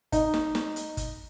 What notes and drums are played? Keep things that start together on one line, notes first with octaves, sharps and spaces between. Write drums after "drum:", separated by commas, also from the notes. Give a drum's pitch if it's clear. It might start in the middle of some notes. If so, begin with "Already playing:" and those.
D#4, drum: kick, hi-hat
drum: snare
drum: snare
drum: hi-hat
drum: kick, hi-hat